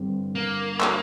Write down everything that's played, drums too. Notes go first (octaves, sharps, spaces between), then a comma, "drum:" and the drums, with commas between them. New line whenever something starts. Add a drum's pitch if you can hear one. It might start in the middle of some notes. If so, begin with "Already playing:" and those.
Already playing: G2 D3 G3 C4
A#3
drum: clap